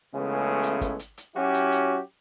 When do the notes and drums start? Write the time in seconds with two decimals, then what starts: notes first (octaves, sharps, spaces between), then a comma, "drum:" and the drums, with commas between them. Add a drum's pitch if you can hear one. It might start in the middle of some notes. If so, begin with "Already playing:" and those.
0.14 C#2 C#3 E3 G#3 A3 B3
0.63 drum: hi-hat
0.81 drum: kick, hi-hat
0.99 drum: hi-hat
1.18 drum: hi-hat
1.36 F#3 C#4 E4 F#4 G4
1.54 drum: hi-hat
1.72 drum: hi-hat